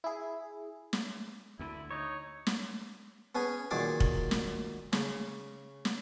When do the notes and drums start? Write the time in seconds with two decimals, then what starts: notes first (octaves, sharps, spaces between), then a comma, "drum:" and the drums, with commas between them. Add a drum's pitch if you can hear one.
0.04 E4 G#4
0.93 drum: snare
1.59 D2 D3 E4
1.91 D#4 C#5
2.47 drum: snare
3.35 B3 C#4 G#4
3.71 A#2 D#3 F#3 G#4 D5 D6
4.00 drum: kick
4.31 drum: snare
4.93 C#3, drum: snare
5.85 drum: snare